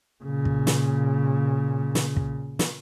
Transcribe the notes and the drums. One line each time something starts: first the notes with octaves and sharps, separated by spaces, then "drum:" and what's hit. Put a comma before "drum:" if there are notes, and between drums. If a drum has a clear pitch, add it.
A#2 C#3
drum: kick
drum: snare
drum: snare
drum: kick
drum: snare